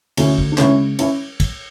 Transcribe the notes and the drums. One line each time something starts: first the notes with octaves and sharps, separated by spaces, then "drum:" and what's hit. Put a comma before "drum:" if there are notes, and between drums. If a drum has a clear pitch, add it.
D2 C#4 E4, drum: cymbal
drum: kick
D4
C#3 G#3 C#4 E4, drum: clap
C#4 E4, drum: cymbal
drum: kick, cymbal